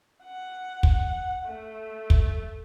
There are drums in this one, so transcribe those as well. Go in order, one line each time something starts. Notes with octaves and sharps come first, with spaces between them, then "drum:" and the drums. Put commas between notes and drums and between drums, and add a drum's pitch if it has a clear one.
F#5
drum: kick
A3
drum: kick